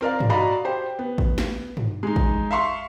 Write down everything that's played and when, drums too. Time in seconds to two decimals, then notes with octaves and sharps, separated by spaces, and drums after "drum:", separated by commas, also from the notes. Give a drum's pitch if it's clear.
0.01 C4 A#4 D5 F5
0.20 drum: tom
0.29 F#4 D5 D#5 F5 A#5 B5
0.65 G4 C5 G5
0.99 B3
1.18 drum: kick A1
1.38 drum: snare
1.77 drum: tom
2.03 G#3 D#4
2.16 drum: kick A1
2.51 E5 F5 C6 C#6